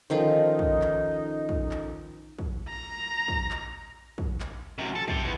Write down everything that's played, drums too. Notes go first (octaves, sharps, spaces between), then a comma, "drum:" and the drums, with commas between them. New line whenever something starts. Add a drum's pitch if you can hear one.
D#3 F3 C#4 D#4 F4 A4 C5
drum: kick
drum: clap
drum: kick
drum: clap
drum: kick
A#5
drum: kick
drum: clap
drum: kick
drum: clap
F#2 C3
A4
C3 G4, drum: kick
E3 B3